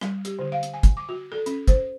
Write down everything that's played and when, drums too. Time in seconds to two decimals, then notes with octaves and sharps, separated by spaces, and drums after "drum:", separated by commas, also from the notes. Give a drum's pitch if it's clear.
0.01 G3, drum: rim click
0.25 G4, drum: hi-hat
0.39 D3
0.52 F5
0.63 drum: hi-hat
0.74 G#5
0.83 drum: kick, hi-hat
0.97 D6
1.09 F#4
1.32 A4
1.46 C#4, drum: hi-hat
1.68 C5, drum: kick, hi-hat